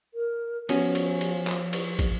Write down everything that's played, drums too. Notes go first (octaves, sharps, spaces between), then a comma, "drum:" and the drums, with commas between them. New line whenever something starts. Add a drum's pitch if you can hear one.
A#4
F3 B3 C#4 F#4, drum: cymbal
drum: cymbal
drum: cymbal
drum: clap
drum: cymbal
drum: kick, cymbal